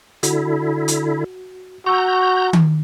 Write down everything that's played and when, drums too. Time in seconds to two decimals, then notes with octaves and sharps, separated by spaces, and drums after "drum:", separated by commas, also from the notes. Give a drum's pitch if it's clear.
0.23 D3 E4 F#4, drum: hi-hat
0.88 drum: hi-hat
1.86 F#4 A#5 C#6 E6 G6
2.53 drum: tom D#3